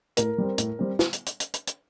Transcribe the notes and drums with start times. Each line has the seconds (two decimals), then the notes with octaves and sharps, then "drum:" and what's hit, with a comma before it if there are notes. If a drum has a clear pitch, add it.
0.17 A2 A#4, drum: hi-hat
0.38 G3 C4
0.58 A2, drum: hi-hat
0.79 G3 C4
0.99 drum: snare
1.13 drum: hi-hat
1.26 drum: hi-hat
1.40 drum: hi-hat
1.54 drum: hi-hat
1.67 drum: hi-hat